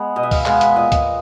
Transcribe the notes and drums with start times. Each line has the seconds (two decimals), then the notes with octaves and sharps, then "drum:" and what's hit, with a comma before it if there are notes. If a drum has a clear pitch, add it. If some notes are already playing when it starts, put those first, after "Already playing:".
Already playing: G#3 B3
0.16 B2 D#5
0.23 E5
0.31 F5, drum: kick C#2, open hi-hat
0.46 G#3 B3 F5, drum: clap
0.61 E5, drum: hi-hat
0.76 A#2 D#5
0.92 drum: kick C#2, hi-hat